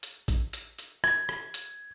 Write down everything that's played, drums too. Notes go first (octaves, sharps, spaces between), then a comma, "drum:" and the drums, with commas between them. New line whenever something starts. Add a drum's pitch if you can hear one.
drum: hi-hat
drum: kick, hi-hat
drum: hi-hat
drum: hi-hat
G#6, drum: rim click
drum: rim click
drum: hi-hat